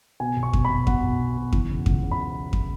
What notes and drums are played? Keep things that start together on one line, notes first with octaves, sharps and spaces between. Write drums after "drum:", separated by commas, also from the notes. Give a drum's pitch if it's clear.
B2 G#5
B1
C#6
B1, drum: kick F2
B1 B5
B2 F#5, drum: kick F2
B1
B2
B2
E3, drum: kick F2
C#3
C#2, drum: kick F2
C#3
B5
drum: kick F2